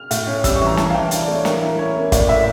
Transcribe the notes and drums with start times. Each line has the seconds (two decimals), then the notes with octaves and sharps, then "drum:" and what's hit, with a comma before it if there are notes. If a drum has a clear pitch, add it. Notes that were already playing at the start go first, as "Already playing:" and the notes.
Already playing: F6
0.11 A2, drum: hi-hat
0.27 C#4
0.44 G3 E6, drum: kick, hi-hat
0.56 C#6
0.61 E3
0.67 A#5
0.77 E3 A5, drum: snare
0.90 F5
0.94 E3 G5
1.11 D4 F5, drum: hi-hat
1.22 D5
1.28 A3
1.34 C#5
1.45 E3 A#4, drum: snare
1.62 E4
1.69 A#4
1.79 C#4 C#5
1.96 A#3
2.12 A2 D5, drum: kick, hi-hat
2.28 A2 E5